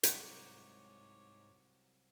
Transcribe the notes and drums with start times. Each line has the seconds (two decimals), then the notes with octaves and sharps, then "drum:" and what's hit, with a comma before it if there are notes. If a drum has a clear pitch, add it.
0.03 C2 G#2 F#3 C#5 F#5 D6, drum: hi-hat